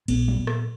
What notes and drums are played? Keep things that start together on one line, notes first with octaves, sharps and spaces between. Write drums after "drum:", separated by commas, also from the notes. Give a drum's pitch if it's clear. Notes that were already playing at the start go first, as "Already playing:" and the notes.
A#1 B3, drum: cymbal
drum: tom F#3
A#2
drum: rim click